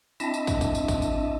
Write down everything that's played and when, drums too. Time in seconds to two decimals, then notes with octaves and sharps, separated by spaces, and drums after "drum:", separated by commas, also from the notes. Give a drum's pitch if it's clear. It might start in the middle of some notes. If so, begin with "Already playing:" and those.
0.20 C4 D4 E4 D#5 E5 A5, drum: tambourine
0.34 drum: tambourine
0.47 drum: kick, tambourine
0.61 drum: kick, tambourine
0.75 drum: tambourine
0.88 drum: kick, tambourine
1.02 drum: tambourine